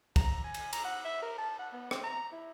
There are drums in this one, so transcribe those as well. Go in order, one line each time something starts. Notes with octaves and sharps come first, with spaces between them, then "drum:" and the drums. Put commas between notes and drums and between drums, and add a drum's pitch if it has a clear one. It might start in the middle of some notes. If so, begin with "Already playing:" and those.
A#5, drum: kick, cymbal
G#5
drum: cymbal
A#5, drum: cymbal
F#5
E5
A#4
A5
F#5
B3
C4, drum: rim click
A#5
E4